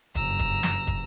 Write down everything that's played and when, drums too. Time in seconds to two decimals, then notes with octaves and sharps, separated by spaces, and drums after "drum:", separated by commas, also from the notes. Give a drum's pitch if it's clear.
0.15 F#1 G2 A#5 E6, drum: kick, hi-hat
0.39 drum: kick, hi-hat
0.63 drum: snare
0.87 drum: kick, hi-hat